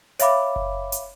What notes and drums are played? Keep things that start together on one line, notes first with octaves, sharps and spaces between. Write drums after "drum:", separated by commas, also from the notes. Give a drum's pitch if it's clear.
C#5 E5 F5 B5 D6, drum: hi-hat
drum: kick F#1
drum: hi-hat